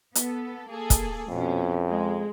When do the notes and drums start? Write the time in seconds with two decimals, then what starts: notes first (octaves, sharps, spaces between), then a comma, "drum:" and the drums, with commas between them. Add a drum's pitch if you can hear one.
0.15 B3 A4, drum: hi-hat
0.68 A#3 G#4 A4
0.90 drum: kick, hi-hat
1.30 F2 B2 C#4
1.88 G#3